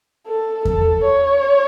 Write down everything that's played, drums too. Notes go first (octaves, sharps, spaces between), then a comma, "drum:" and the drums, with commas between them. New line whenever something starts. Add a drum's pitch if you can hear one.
A4
A4, drum: kick E2
C#5